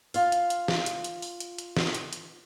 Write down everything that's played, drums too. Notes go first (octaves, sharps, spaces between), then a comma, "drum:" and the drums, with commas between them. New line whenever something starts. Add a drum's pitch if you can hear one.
F4 F5, drum: open hi-hat
drum: hi-hat
drum: hi-hat
drum: snare
drum: hi-hat
drum: hi-hat
drum: open hi-hat
drum: hi-hat
drum: hi-hat
drum: snare
drum: hi-hat
drum: hi-hat